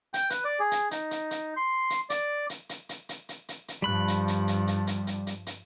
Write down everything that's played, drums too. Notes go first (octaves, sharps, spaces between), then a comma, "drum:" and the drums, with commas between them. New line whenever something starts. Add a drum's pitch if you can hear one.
G5, drum: hi-hat
B4, drum: hi-hat
D5
G#4
drum: hi-hat
D#4, drum: hi-hat
drum: hi-hat
drum: hi-hat
C6
drum: hi-hat
D5, drum: hi-hat
drum: hi-hat
drum: hi-hat
drum: hi-hat
drum: hi-hat
drum: hi-hat
drum: hi-hat
drum: hi-hat
G2 F3 G3 B5 F#6
drum: hi-hat
drum: hi-hat
drum: hi-hat
drum: hi-hat
drum: hi-hat
drum: hi-hat
drum: hi-hat
drum: hi-hat